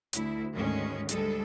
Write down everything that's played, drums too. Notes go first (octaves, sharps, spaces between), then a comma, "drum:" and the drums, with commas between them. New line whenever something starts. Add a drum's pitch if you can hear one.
D2 E4, drum: hi-hat
D2 G#2 D#3 G#3 C#4
D2 G3 G#3 A4, drum: hi-hat